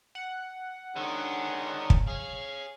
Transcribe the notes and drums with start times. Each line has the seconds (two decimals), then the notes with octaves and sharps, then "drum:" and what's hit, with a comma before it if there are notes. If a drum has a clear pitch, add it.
0.15 F#5
0.96 D3 D#3 G#3 C#4 D4
1.90 drum: kick
2.07 G#4 C#5 F5